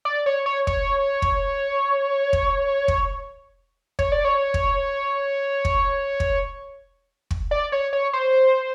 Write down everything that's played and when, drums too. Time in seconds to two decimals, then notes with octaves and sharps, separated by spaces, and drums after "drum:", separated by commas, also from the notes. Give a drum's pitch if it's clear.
0.05 D5
0.26 C#5
0.46 C#5
0.67 C#5, drum: kick
1.22 drum: kick
2.33 drum: kick
2.88 drum: kick
3.99 C#5, drum: kick
4.12 D5
4.25 C#5
4.54 drum: kick
5.65 drum: kick
6.20 drum: kick
7.31 drum: kick
7.51 D5
7.72 C#5
7.93 C#5
8.13 C5